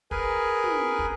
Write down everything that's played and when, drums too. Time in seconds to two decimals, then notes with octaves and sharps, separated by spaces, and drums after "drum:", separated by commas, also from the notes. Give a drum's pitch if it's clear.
0.11 G#4 A#4 B4 G#5, drum: kick
0.64 drum: tom
0.99 drum: kick